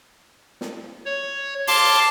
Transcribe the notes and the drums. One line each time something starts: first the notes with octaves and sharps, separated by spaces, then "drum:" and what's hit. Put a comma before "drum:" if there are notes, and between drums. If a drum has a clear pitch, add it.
drum: snare
C#5
F5 A5 C6 D6, drum: open hi-hat